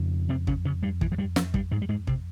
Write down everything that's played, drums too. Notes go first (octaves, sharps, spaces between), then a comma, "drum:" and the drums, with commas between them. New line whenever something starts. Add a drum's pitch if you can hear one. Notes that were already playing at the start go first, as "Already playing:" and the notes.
Already playing: F2 C#3
C3 C4
C#3 C#4, drum: kick
C#3 C#4
G2 G3
E3, drum: kick
F3
G2 G3
F3, drum: snare
G2 G3, drum: kick
G#2 G#3
G3
G#2 G#3
C3 C4, drum: kick